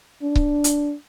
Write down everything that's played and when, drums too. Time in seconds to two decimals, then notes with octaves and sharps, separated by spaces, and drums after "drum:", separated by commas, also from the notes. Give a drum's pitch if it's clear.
0.22 D4
0.36 drum: kick C#1
0.64 drum: hi-hat